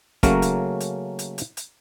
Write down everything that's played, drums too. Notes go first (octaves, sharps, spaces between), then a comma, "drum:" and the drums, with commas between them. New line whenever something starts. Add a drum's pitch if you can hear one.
C#3 F#3 A3 A#3 C#4 A#4, drum: kick, hi-hat
drum: hi-hat
drum: hi-hat
drum: hi-hat
drum: hi-hat
drum: hi-hat